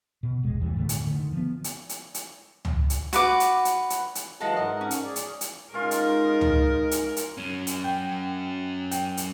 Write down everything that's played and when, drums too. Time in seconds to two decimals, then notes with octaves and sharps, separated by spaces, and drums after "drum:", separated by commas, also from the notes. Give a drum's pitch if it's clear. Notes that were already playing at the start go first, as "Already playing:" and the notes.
0.23 B2
0.43 E1 A#1 G#3
0.60 D#2 E3 G3
0.74 F2 A2 D3 A3
0.89 drum: hi-hat
1.07 D3 D#3 A3
1.32 F3 B3
1.64 drum: hi-hat
1.89 drum: hi-hat
2.14 drum: hi-hat
2.65 drum: tom C#2
2.90 drum: hi-hat
3.13 F#4 B4 D6, drum: hi-hat
3.40 drum: hi-hat
3.65 drum: hi-hat
3.90 drum: hi-hat
4.15 drum: hi-hat
4.40 E3 F#3 G#3 F4 F#4 A4
4.56 G#2 A#4 D#5 F#5
4.81 C#4
4.91 drum: hi-hat
5.04 G#4 D5
5.16 drum: hi-hat
5.41 drum: hi-hat
5.74 G#3 C#4 D#4 F4 A#4 C6
5.91 drum: hi-hat
6.41 drum: tom C#2
6.91 drum: hi-hat
7.17 drum: hi-hat
7.38 F#2 C#4
7.67 drum: hi-hat
7.84 G5
8.91 G5, drum: hi-hat
9.17 drum: hi-hat